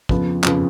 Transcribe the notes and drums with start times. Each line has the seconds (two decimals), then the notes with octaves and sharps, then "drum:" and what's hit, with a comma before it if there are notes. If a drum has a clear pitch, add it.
0.09 F2 C#3 F3 B3, drum: kick
0.44 F2 C#3 F3 B3, drum: clap